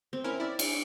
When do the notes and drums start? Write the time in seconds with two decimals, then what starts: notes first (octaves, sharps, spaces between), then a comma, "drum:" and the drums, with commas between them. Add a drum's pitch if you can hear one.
0.13 C4
0.24 C#4 E4 A#4
0.40 E4 D5
0.59 drum: cymbal